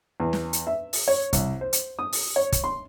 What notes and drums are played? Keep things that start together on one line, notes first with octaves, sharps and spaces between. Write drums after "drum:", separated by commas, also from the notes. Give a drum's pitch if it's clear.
E2
drum: snare
drum: hi-hat
E5
drum: open hi-hat
C#5
C2, drum: kick, hi-hat
C5
drum: hi-hat
D#6
drum: open hi-hat
C#5
drum: kick, hi-hat
C6